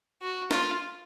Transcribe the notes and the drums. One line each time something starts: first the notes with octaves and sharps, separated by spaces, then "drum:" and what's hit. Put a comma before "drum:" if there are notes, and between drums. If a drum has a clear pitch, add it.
F#4
F4, drum: snare